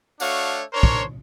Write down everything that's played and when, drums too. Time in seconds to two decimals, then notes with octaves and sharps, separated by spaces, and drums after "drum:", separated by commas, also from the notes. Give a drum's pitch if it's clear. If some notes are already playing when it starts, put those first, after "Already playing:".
0.20 A3 D4 F#4 C#5 F5, drum: tambourine
0.73 D4 A#4 C5 C#5
0.83 drum: kick